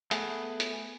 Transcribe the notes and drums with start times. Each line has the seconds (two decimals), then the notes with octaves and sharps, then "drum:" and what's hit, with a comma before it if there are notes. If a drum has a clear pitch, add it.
0.11 A3 B3 G#4 B4, drum: hi-hat
0.60 drum: hi-hat